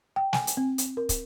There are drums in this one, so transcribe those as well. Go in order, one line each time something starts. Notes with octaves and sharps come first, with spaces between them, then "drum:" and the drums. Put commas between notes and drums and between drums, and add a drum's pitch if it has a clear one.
G5
G#5, drum: snare
drum: hi-hat
C4
drum: hi-hat
A#4
drum: kick, hi-hat